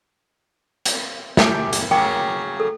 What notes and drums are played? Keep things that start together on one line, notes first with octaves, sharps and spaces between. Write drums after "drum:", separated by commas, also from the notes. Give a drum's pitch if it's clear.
drum: hi-hat
F#2 G4, drum: snare
drum: hi-hat
C#3 F#3 A#3 G5
A4